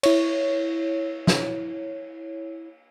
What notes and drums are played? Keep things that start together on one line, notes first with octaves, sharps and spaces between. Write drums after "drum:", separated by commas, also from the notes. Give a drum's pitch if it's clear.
E4 C#5, drum: cymbal
drum: snare